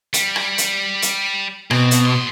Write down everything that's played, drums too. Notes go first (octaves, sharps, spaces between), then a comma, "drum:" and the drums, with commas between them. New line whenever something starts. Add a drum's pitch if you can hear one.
G3, drum: hi-hat
drum: rim click
drum: hi-hat
drum: hi-hat
B2 C4, drum: rim click
drum: hi-hat
A2 C6